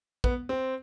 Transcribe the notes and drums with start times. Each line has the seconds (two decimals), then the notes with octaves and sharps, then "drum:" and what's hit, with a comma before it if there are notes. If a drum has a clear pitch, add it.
0.24 B3, drum: kick
0.49 C4